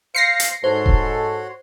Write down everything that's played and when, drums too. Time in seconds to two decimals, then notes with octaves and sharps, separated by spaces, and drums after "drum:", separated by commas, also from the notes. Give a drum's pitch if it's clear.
0.15 C5 F5 A#6 C7 C#7
0.40 drum: hi-hat
0.64 G#2 F#4 A4 C5 C#5 C6
0.86 drum: kick D#1